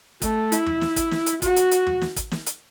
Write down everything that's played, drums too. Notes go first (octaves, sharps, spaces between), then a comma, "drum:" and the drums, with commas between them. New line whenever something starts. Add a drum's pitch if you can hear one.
A3, drum: kick, hi-hat
E4, drum: hi-hat
drum: tom
drum: snare
drum: kick, hi-hat
drum: snare
drum: hi-hat
F#4, drum: kick, hi-hat
drum: hi-hat
drum: hi-hat
drum: tom
drum: snare
drum: kick, hi-hat
drum: snare
drum: hi-hat